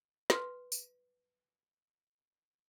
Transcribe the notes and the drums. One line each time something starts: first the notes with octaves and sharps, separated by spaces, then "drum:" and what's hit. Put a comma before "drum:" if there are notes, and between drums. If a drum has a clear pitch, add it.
B4 C6 F6, drum: snare
drum: tambourine